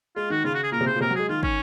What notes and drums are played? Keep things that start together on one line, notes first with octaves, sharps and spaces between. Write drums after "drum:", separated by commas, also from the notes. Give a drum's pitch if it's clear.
G#3 F4
D#3 F#4
C#3 F4
F#4
G#4
A#2 A#4
C3
C#3 C5
A#2
C3 A#4
F#3
G#3 G#4
D#3 F4
C#4, drum: kick